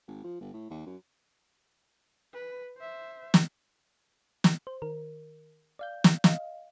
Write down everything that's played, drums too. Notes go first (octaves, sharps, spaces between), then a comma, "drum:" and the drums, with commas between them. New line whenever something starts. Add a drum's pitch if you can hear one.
G#1
F3
G1
A2
D#2
F#2
B4
C5 E5
drum: snare
drum: snare
C5
D#3 A#4
D5 F5 G6
drum: snare
D#5 F5, drum: snare